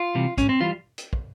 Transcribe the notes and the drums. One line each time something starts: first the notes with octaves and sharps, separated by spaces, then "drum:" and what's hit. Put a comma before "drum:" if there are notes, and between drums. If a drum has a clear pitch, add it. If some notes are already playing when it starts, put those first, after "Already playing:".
Already playing: F4
C3 E3 G3
G#2 C#4, drum: kick, hi-hat
C4
E3 G3 F4
drum: hi-hat
drum: kick